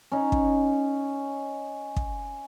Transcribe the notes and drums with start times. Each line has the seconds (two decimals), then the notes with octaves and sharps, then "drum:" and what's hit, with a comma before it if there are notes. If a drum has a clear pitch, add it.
0.12 C#4 D#4
0.32 drum: kick
1.96 drum: kick